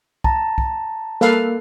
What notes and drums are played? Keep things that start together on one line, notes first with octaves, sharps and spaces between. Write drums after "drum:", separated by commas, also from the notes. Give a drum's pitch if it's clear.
A5 A#5, drum: kick
drum: kick
A#3 A4 B4 F5, drum: snare